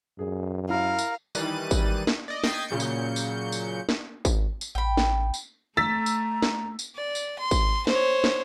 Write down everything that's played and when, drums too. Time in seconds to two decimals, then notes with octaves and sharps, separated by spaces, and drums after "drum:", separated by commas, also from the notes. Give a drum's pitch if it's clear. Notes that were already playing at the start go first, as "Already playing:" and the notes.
0.19 F#2 G#4
0.70 E4 A#4 F5
0.99 drum: tambourine
1.35 D#3 E3 G3 F#6 A6 D#7, drum: tambourine
1.71 drum: kick G#1, tambourine
2.07 drum: snare
2.28 D5 D#5
2.44 D#5 G5 G#6 A6 B6 C7, drum: snare
2.68 A#2 C#3 F#3 G6 C#7
2.80 drum: tambourine
3.16 drum: tambourine
3.52 drum: tambourine
3.89 drum: snare
4.25 drum: kick G#1, tambourine
4.61 drum: tambourine
4.75 A1 G5 B5
4.97 drum: snare
5.34 drum: tambourine
5.77 A3 A#5 E6 A6 B6
6.06 drum: tambourine
6.42 drum: snare
6.79 drum: tambourine
6.96 D5
7.15 drum: tambourine
7.39 C6
7.51 drum: kick G#1, tambourine
7.87 C5 C#5, drum: snare
8.24 drum: snare